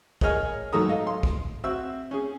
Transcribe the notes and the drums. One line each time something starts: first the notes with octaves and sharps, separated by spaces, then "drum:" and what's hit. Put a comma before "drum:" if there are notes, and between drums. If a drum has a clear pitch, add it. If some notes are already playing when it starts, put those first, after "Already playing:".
G#4 A#4 C#5 D#5 G#5 F6, drum: kick
G#2 F#3 A4 A#5 D#6
A3 D#5 F5
C6
drum: kick
C4 F#4 E5 E6
C#4 G#4